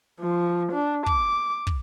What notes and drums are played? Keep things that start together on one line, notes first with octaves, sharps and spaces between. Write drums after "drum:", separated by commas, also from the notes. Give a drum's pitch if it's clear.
F3
D4
D6, drum: kick
drum: kick